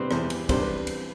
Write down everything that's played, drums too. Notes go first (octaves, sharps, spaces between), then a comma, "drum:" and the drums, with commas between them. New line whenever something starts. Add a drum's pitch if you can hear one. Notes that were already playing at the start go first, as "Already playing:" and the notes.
Already playing: C3 G3 B3 C4 D4 B4 C5
E2 C4 C5, drum: rim click
drum: cymbal
C3 G3 D4 C5, drum: kick, cymbal
B4
drum: cymbal